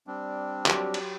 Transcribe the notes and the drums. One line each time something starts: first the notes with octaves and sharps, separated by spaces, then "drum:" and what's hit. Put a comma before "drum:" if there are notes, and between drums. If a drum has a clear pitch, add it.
G3 C4 D4
F#3 G4 A#4, drum: clap
drum: cymbal